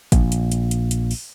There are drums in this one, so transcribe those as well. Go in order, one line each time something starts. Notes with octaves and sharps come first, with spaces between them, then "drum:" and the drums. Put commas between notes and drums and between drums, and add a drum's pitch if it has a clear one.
A#1, drum: kick, hi-hat
drum: hi-hat
drum: hi-hat
drum: hi-hat
drum: hi-hat
drum: open hi-hat